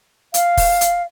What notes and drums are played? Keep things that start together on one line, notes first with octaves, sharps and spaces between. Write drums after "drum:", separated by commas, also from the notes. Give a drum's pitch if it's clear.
F5, drum: hi-hat
drum: kick, open hi-hat
drum: hi-hat